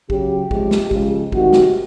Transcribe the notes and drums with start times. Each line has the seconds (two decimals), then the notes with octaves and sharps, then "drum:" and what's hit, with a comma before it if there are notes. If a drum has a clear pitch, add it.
0.10 C#3 F#3 G4, drum: kick
0.51 C3 F3 G#3, drum: kick
0.71 drum: snare
0.91 C#3 F3 G#3, drum: kick
1.32 C3 D#3 G3 F#4, drum: kick
1.53 drum: snare